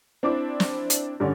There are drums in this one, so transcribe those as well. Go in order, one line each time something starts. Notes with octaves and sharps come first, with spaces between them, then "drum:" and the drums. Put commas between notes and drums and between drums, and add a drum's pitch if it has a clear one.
C4 D4 E4 D6
drum: snare
drum: hi-hat
G2 D3 C#4 D5